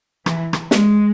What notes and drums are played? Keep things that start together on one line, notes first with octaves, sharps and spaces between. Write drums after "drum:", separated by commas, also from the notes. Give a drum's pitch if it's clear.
E3, drum: rim click
drum: rim click
G#3, drum: snare